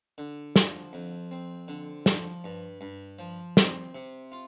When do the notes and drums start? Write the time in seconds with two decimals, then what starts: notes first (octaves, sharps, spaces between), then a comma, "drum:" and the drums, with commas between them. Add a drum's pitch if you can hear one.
0.18 D3
0.56 F3, drum: snare
0.93 F2
1.31 C4
1.68 D3
2.06 F3, drum: snare
2.44 G2
2.81 G2
3.19 F3
3.57 C4, drum: snare
3.95 C3
4.32 F4